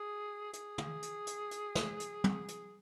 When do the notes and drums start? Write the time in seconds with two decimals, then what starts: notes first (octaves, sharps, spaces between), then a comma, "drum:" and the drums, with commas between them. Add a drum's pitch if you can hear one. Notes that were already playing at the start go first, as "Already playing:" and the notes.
Already playing: G#4
0.53 G#4, drum: hi-hat
0.78 drum: tom
1.02 drum: hi-hat
1.27 drum: hi-hat
1.51 drum: hi-hat
1.75 drum: snare
2.00 drum: hi-hat
2.24 drum: tom
2.48 drum: hi-hat